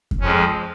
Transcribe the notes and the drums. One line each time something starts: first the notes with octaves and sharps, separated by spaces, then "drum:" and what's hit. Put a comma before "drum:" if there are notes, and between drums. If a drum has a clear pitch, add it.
drum: kick F2
F2 F3 G#3 C#4